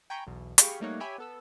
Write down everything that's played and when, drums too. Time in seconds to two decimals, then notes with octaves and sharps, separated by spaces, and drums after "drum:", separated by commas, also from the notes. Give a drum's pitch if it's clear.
0.10 G5 G#5 A#5 B5 C#6 G6
0.27 B1 E2 B2
0.58 G4 G#4 F5 G5 B5 C#6, drum: hi-hat
0.80 G3 A3 A#3 D#4 C#5 F#5
1.00 G4 C#5 E5 G#5 B5
1.18 B3 A4 E6